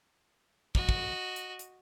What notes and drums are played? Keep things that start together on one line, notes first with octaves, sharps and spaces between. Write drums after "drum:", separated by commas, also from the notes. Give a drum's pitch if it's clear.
F#4 D#5, drum: kick
drum: kick
drum: hi-hat
drum: hi-hat